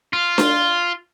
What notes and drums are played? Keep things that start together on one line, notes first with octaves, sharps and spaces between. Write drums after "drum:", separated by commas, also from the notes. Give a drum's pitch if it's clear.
F4
drum: snare D4